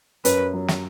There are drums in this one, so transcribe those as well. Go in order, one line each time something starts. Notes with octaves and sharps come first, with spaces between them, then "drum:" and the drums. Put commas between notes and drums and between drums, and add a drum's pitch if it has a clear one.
F#2 B4, drum: hi-hat
F#3
drum: snare